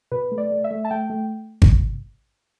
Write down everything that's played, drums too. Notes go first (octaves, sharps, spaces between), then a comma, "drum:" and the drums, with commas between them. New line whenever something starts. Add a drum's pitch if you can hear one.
B2 B4
A3
D5
A3
E5
A3
A5
A3 G5
A3
drum: kick G#1